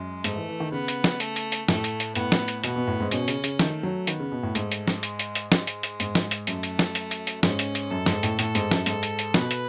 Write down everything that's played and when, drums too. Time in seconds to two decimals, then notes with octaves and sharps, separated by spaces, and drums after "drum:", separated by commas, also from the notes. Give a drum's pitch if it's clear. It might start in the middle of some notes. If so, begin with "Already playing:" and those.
Already playing: F#2 G#3
0.24 G#2 A3, drum: hi-hat
0.36 E3
0.49 E3
0.60 D#3
0.72 C#3 B3
0.88 drum: hi-hat
1.04 drum: snare
1.20 A3, drum: hi-hat
1.36 drum: hi-hat
1.52 drum: hi-hat
1.68 A2 A3, drum: snare
1.84 drum: hi-hat
2.00 drum: hi-hat
2.15 A2 B3, drum: hi-hat
2.32 drum: snare
2.48 drum: hi-hat
2.64 B2 B3, drum: hi-hat
2.76 B2
2.87 A2
3.00 G#2
3.11 B2 C#4, drum: hi-hat
3.28 C#3, drum: hi-hat
3.44 C#3, drum: hi-hat
3.59 D#3 A3, drum: snare
3.83 F#3
4.07 D#3 B3, drum: hi-hat
4.20 C#3
4.32 B2
4.43 A2
4.55 G#2 A3, drum: hi-hat
4.72 drum: hi-hat
4.88 drum: snare
5.03 G#3, drum: hi-hat
5.19 drum: hi-hat
5.35 drum: hi-hat
5.52 G#3, drum: snare
5.67 drum: hi-hat
5.83 drum: hi-hat
6.00 G#2, drum: hi-hat
6.15 drum: snare
6.31 drum: hi-hat
6.47 F#2 A3, drum: hi-hat
6.63 drum: hi-hat
6.79 drum: snare
6.95 drum: hi-hat
7.11 drum: hi-hat
7.27 drum: hi-hat
7.43 G#2 C#4, drum: snare
7.59 drum: hi-hat
7.75 drum: hi-hat
7.91 F#2 A4
8.06 G#2, drum: snare
8.23 A2, drum: hi-hat
8.39 A2 A4, drum: hi-hat
8.55 G#2, drum: hi-hat
8.71 F#2, drum: snare
8.86 G#2 A4, drum: hi-hat
9.03 drum: hi-hat
9.19 drum: hi-hat
9.34 B2 B4, drum: snare
9.51 drum: hi-hat